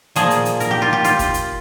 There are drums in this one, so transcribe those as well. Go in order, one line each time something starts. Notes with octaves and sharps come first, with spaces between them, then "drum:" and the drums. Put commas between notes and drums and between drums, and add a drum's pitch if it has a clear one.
A#2 F3 A#3 G#4, drum: hi-hat
drum: hi-hat
drum: hi-hat
A#4, drum: hi-hat
G4
F4
G4
F4, drum: hi-hat
drum: kick, hi-hat
drum: hi-hat